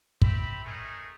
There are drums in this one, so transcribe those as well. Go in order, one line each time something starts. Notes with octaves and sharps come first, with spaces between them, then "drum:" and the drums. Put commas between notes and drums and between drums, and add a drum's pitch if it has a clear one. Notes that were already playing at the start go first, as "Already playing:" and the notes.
C4 G4 E5 B5, drum: kick
A3 C#4 D#4 G#4 A#4